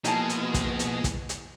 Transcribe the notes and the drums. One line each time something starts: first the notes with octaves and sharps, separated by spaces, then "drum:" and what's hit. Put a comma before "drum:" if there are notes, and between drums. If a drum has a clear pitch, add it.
B2 F3 G#3 A#3 D#4 E4 G#5 A5, drum: hi-hat
drum: hi-hat
drum: kick, hi-hat
drum: hi-hat
drum: kick, hi-hat
drum: hi-hat